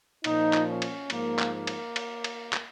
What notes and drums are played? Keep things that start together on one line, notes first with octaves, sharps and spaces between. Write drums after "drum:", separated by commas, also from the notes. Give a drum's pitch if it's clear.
A#2 F3 D#4, drum: cymbal
drum: clap
C#4
drum: cymbal
G#2 F3 A#3, drum: cymbal
drum: clap
A#3
drum: cymbal
drum: cymbal
drum: cymbal
drum: clap